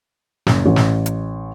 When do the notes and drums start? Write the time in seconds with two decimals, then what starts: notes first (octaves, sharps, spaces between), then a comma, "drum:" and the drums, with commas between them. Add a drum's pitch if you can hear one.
0.47 F#1, drum: snare
0.66 A1
0.76 drum: snare
1.06 drum: hi-hat